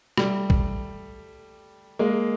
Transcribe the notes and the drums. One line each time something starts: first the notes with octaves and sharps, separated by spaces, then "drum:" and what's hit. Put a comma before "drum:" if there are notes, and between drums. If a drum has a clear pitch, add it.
G3 A3, drum: rim click
drum: kick A#1
G#3 A#3